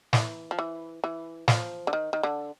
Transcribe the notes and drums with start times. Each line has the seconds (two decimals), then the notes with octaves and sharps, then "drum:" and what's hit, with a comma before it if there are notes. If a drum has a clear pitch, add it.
0.13 E3, drum: snare
0.51 F3
0.59 E3
1.04 E3
1.48 F3, drum: snare
1.87 D3
1.93 D#3
2.13 D#3
2.23 D3